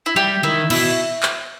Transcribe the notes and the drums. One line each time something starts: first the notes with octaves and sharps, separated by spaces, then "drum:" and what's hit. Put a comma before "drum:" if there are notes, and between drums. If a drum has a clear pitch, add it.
E4
G3 G4
D#3 E4
B2 E4, drum: cymbal
drum: clap